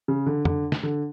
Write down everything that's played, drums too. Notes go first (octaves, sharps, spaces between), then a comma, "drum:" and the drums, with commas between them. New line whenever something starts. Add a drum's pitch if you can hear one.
C#3
D3
D3, drum: tom F2
drum: snare
D3